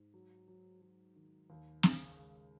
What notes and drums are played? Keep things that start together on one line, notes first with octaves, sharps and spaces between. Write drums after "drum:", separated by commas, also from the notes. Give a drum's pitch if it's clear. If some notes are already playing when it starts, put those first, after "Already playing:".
Already playing: G#2
F#3
F#3
F#3
D#3
D#2
C#3, drum: snare
G#3